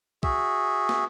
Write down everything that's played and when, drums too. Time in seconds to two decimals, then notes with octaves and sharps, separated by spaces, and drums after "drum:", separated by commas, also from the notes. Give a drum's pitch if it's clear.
0.23 F#4 G#4 E5, drum: kick
0.89 drum: snare